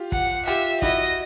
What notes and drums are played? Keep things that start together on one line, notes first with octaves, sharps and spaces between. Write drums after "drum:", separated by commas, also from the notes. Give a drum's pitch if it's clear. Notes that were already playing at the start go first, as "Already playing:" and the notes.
Already playing: F4 G4
F#5, drum: kick
F4 G4 E5
E4 F#4 D#5, drum: kick